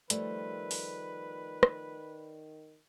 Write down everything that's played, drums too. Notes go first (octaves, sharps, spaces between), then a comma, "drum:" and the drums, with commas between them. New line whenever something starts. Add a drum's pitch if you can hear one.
D#3 F3 G3 A3 B4 D5, drum: hi-hat
drum: open hi-hat
drum: rim click